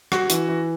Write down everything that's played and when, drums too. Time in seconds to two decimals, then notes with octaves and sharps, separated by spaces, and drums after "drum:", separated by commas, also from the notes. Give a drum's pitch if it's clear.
0.12 F#4, drum: rim click
0.30 E3, drum: hi-hat
0.48 E3